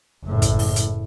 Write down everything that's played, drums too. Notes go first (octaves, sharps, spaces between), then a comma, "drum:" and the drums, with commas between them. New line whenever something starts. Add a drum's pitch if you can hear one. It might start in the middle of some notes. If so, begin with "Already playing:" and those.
F#1 A2
drum: kick, hi-hat
drum: open hi-hat
drum: hi-hat